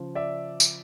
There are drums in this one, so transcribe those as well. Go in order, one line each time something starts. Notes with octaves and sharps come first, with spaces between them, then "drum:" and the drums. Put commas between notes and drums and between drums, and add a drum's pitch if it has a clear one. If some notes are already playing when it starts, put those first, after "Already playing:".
Already playing: C#3 F3
D5 E5
drum: tambourine